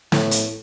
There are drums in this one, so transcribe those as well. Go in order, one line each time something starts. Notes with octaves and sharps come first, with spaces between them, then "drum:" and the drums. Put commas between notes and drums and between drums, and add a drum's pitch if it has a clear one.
A2, drum: snare
drum: hi-hat